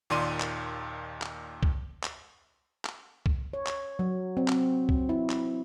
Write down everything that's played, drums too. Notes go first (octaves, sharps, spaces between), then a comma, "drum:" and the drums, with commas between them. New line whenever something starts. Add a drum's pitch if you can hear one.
D#2 A#2 D#3 D5 C6 D#7
drum: clap
drum: clap
drum: kick
drum: clap
drum: clap
drum: kick
C#5
drum: clap
F#3
C4
drum: clap
drum: kick
E4
drum: clap